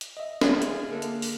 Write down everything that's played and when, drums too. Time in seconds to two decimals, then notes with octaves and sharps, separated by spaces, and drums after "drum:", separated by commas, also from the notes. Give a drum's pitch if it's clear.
0.01 drum: hi-hat
0.17 D#5 E5
0.41 F4 G#4 B4, drum: snare
0.62 drum: hi-hat
0.88 D3 A#3 A4
1.02 drum: hi-hat
1.22 drum: open hi-hat